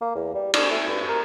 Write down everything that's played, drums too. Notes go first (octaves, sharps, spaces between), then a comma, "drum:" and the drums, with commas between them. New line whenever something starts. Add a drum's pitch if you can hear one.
A#3
E2
G3
D4, drum: cymbal
A3
G2
A#4